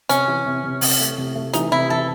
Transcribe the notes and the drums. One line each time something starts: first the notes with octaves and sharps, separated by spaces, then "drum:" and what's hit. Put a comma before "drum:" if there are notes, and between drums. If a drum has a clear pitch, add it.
C3 C#4, drum: hi-hat
E3
C3
C3
C3, drum: open hi-hat
A3
C3
A3
E3 D#4, drum: hi-hat
C3 E4
E3 A4